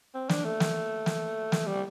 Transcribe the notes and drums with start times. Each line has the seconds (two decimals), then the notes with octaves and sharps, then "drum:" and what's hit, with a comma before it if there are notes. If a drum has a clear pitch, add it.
0.14 C4
0.29 D4, drum: snare
0.45 A3
0.60 drum: snare
1.06 drum: snare
1.52 drum: snare
1.67 G3